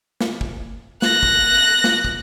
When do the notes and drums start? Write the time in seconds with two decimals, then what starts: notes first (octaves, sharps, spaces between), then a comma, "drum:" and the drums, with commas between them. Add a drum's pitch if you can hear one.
0.21 drum: snare
0.41 drum: kick
1.02 F#6 A#6, drum: snare
1.23 drum: kick
1.84 drum: snare
2.05 drum: kick